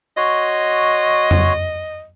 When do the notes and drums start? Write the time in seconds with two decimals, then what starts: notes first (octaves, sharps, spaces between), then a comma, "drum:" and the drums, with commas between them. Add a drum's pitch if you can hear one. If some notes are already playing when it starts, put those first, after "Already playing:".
0.17 F#4 C#5 D#5 C6
1.31 drum: tom F2